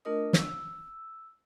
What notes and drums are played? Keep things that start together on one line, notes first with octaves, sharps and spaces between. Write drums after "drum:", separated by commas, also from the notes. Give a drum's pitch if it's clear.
A3 D4 F4 A#4 D#5 D#6
E6, drum: snare